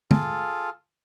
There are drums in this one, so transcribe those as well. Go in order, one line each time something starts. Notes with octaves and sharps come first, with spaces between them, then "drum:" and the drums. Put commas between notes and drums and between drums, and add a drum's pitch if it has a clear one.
F4 G#4 A4 F5, drum: tom